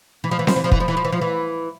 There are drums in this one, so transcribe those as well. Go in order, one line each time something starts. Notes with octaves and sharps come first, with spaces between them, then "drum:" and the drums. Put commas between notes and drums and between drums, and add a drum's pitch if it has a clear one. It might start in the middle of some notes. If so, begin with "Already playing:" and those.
E3
F3
E3
F3, drum: snare C4
E3
F3
E3, drum: kick
F3
E3
F3
E3
F3
E3